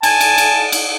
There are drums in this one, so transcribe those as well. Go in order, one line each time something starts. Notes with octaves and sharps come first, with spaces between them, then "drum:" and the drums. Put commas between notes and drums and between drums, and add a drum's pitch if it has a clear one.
G#5 A5, drum: cymbal
drum: cymbal
drum: cymbal
drum: cymbal